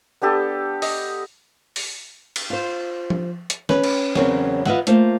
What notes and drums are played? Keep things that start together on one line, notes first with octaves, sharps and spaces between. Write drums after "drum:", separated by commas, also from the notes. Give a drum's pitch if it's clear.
B3 D4 G4 A4
D#5, drum: open hi-hat
drum: open hi-hat
drum: cymbal
F4 C5
drum: tom F3
drum: hi-hat
C#4 B4, drum: snare
drum: cymbal
E2 C#3 F#3 B3 C4 A#4, drum: snare
F4 B4 D#5 E5 F#5, drum: snare
A3 A#3 F4 C5, drum: hi-hat